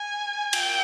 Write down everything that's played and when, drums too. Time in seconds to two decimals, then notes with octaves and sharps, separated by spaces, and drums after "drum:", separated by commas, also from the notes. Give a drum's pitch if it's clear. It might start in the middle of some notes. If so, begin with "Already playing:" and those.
Already playing: G#5
0.53 G5, drum: cymbal